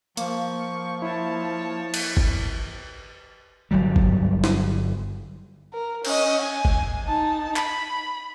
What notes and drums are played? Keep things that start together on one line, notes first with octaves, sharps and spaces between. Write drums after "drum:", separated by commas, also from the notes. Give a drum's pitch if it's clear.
F3 A#3 C#6, drum: hi-hat
E4 C#5 A5
drum: cymbal
drum: kick
G1 F#3 G3
drum: kick
drum: snare
A#4
C#4 D#5, drum: cymbal
G#5
drum: kick
D#4 A5
B5, drum: clap